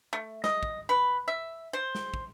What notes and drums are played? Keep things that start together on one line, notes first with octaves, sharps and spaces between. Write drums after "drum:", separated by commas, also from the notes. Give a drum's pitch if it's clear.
A3
D#5, drum: snare
drum: kick
B4
E5
C5
drum: snare
drum: kick